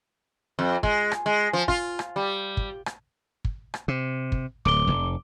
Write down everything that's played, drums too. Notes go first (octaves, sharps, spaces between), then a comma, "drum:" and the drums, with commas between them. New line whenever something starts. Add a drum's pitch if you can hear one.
F2
G#3, drum: kick
drum: rim click
G#3
F3
F4, drum: kick
drum: rim click
G3
drum: kick
drum: rim click
drum: kick
drum: rim click
C3
drum: kick
D1 D6 D7 G7
F1